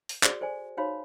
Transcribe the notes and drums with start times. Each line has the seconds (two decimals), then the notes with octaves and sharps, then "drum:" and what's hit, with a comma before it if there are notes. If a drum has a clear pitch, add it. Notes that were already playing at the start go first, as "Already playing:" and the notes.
0.09 drum: open hi-hat
0.23 F#4 G#4 C5 D5, drum: clap
0.41 A4 C5 D5 G#5
0.77 D#4 F#4 C5 C#5 F5 B5